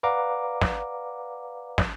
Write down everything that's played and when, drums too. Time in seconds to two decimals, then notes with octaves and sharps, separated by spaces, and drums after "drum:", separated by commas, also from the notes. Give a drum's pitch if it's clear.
0.03 B4 D5 F5 F#5 A#5 D6
0.62 drum: snare
1.78 drum: snare